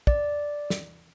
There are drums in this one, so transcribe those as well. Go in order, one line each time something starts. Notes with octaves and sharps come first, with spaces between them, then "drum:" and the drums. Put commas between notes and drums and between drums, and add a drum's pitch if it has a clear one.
D5, drum: kick
drum: snare